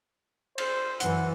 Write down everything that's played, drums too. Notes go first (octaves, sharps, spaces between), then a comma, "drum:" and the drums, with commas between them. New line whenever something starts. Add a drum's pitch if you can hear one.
C5, drum: cymbal
F#2 E3 F#5, drum: hi-hat